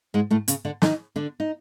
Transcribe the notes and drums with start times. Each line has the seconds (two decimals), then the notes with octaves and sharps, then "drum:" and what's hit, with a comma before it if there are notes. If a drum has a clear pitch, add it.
0.14 G#2 G#3
0.31 A2 A3
0.48 C#3 C#4, drum: hi-hat
0.65 D3 D4
0.82 D#3 D#4, drum: snare
1.16 D3 D4
1.40 D#4